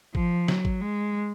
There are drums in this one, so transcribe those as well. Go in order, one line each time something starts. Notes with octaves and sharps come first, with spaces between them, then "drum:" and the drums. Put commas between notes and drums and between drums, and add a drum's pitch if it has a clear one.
F3, drum: kick
F#3, drum: snare
drum: kick
G#3